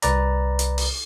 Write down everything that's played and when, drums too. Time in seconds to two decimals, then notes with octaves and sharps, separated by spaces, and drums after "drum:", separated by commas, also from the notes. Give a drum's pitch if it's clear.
0.02 C2 B4 D5 A#5, drum: hi-hat
0.59 drum: hi-hat
0.78 drum: open hi-hat